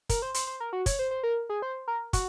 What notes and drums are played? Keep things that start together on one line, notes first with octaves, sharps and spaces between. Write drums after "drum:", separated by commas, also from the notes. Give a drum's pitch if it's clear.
A#4, drum: kick, hi-hat
C5
C5, drum: hi-hat
C5
A#4
F#4
C#5, drum: kick, hi-hat
C5
C5
A#4
G#4
C5
A#4
F#4, drum: kick, hi-hat